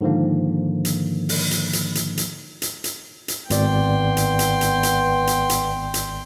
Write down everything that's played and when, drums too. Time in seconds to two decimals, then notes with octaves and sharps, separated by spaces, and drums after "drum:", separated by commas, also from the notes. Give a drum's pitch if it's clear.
0.01 G#2 D3 D#3 F3 A#3
0.85 drum: hi-hat
1.29 drum: open hi-hat
1.51 drum: hi-hat
1.73 drum: hi-hat
1.95 drum: hi-hat
2.17 drum: hi-hat
2.62 drum: hi-hat
2.84 drum: hi-hat
3.28 drum: hi-hat
3.50 G#1 B3 D5 G5 C6, drum: hi-hat
4.17 drum: hi-hat
4.39 drum: hi-hat
4.61 drum: hi-hat
4.83 drum: hi-hat
5.27 drum: hi-hat
5.50 drum: hi-hat
5.94 drum: hi-hat